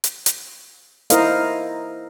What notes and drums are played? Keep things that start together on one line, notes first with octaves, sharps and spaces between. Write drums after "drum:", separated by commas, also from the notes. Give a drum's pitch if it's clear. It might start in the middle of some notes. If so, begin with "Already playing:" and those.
drum: hi-hat
drum: hi-hat
E4 A#4 C5 D#5 F5, drum: hi-hat